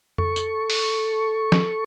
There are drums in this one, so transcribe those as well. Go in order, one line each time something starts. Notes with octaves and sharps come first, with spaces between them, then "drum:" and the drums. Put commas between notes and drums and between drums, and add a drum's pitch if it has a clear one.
A4 C#6, drum: tom F2
drum: tambourine
drum: open hi-hat
drum: snare F3